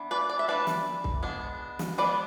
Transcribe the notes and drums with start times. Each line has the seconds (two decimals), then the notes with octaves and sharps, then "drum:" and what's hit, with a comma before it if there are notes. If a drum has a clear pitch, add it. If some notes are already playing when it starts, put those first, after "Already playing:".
Already playing: E3 B3 D4
0.11 B4 D5
0.30 D5
0.39 E5
0.48 E3 B3 D4 B4 D5
0.67 drum: snare
1.04 drum: kick C2
1.23 G#3 B3 D4
1.79 drum: snare
1.98 G#3 B3 D4 B4 D5